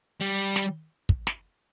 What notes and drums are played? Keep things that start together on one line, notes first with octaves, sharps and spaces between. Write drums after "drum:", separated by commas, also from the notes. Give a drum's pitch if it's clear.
G3
drum: snare
drum: kick
drum: snare